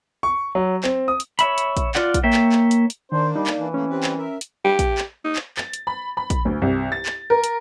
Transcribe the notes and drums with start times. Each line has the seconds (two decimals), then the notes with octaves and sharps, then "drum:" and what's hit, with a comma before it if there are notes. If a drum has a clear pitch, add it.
0.23 C#6
0.55 F#3
0.84 C4, drum: clap
1.08 D#6
1.20 drum: hi-hat
1.39 C#5 E5 B5, drum: hi-hat
1.58 drum: hi-hat
1.77 drum: kick A#1, hi-hat
1.95 F4 D5 F#5, drum: clap
2.14 drum: kick A#1, hi-hat
2.23 A#3 C#5 E5 G5
2.33 drum: clap
2.52 drum: clap
2.71 drum: hi-hat
2.90 drum: hi-hat
3.12 D#3 A#3 D4 C5
3.36 G3 D#4
3.47 drum: clap
3.57 E3
3.74 A3 A#3 C#4
3.90 G3 C4 B4
4.03 drum: clap
4.18 A#4 E5
4.41 drum: hi-hat
4.65 G4
4.79 drum: kick A#1, hi-hat
4.98 drum: clap
5.24 D#4
5.36 drum: clap
5.57 A6, drum: clap
5.73 drum: hi-hat
5.87 B5
6.17 B5
6.30 drum: kick A#1, hi-hat
6.45 D2
6.62 C2
6.92 A6
7.06 drum: clap
7.30 A#4
7.44 drum: hi-hat